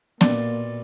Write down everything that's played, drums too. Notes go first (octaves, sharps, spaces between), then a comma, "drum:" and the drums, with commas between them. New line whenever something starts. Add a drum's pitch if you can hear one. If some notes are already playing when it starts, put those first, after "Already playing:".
B1 A#2 A#3 D5, drum: snare B3